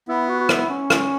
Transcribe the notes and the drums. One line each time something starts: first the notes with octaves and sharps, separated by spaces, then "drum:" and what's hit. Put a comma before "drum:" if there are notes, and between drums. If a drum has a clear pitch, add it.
B3 E4
F#4
F#4
E4, drum: rim click
C#4
drum: rim click